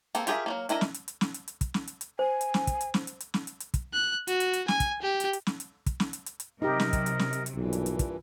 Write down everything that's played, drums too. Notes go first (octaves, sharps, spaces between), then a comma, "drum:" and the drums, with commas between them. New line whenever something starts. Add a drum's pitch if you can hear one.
A#3 C4 G#4 A4, drum: hi-hat
F4 G4 G#4 A#4 E5, drum: hi-hat
F#3 A3 A#3
D4 E4 A#4 D#5, drum: hi-hat
drum: snare
drum: hi-hat
drum: hi-hat
drum: snare
drum: hi-hat
drum: hi-hat
drum: kick, hi-hat
drum: snare
drum: hi-hat
drum: hi-hat
C5 G#5
drum: hi-hat
drum: snare
drum: kick, hi-hat
drum: hi-hat
drum: snare
drum: hi-hat
drum: hi-hat
drum: snare
drum: hi-hat
drum: hi-hat
drum: kick, hi-hat
F#6
F#4, drum: hi-hat
drum: hi-hat
drum: hi-hat
G#5, drum: snare
drum: kick, hi-hat
G4
drum: hi-hat
drum: hi-hat
drum: snare
drum: hi-hat
drum: kick, hi-hat
drum: snare
drum: hi-hat
drum: hi-hat
drum: hi-hat
C3 F#3 D#4 G4 A#4 D#5
drum: snare
drum: kick, hi-hat
drum: hi-hat
drum: snare
drum: hi-hat
drum: hi-hat
B1 G2 A#2 E3
drum: hi-hat
drum: hi-hat
drum: kick, hi-hat